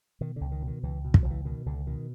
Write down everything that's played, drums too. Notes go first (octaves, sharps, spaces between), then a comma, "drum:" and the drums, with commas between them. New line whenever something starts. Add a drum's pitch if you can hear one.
B2 D#3
C#2 D3
D#3
B2
D#3
C#2 E3
B2
D#3, drum: kick
C#2 F3
E3
B2 D#3
C#2 D3
B2 D#3